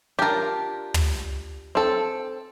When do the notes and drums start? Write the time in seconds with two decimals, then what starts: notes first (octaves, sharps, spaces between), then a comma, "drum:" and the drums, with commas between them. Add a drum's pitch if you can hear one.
0.19 D4 F4 G4 A#4
0.94 drum: tom
1.75 C4 A4